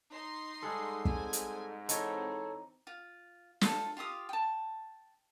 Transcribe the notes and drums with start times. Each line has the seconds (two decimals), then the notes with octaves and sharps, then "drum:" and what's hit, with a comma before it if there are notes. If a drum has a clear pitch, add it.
0.12 D#4 C6 C7
0.63 G#2 G3 G#3 G#4 A4
1.05 C4 G#5, drum: kick
1.33 drum: hi-hat
1.89 E3 C4 D#4 A4 C#5, drum: hi-hat
2.87 F4
3.61 F4 A4, drum: snare
3.97 F4 G4 F5 D#6
4.29 G5 A5